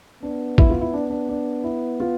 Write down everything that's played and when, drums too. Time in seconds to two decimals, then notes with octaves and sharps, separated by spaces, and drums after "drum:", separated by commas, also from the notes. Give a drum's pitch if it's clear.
0.23 B3 D4
0.58 E4, drum: kick
0.70 F4
0.81 E4
0.93 D4
1.10 D4
1.29 D4
1.64 E4
2.00 F4